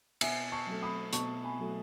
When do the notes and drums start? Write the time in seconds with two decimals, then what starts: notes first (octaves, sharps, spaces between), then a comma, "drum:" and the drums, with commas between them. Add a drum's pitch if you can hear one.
0.21 B2 E5 G#5, drum: cymbal
0.52 A5 C#6
0.67 F#3 A3
0.83 B5 D#6
1.13 B2 A5 C#6, drum: hi-hat
1.44 G#5 B5
1.59 F#3 A3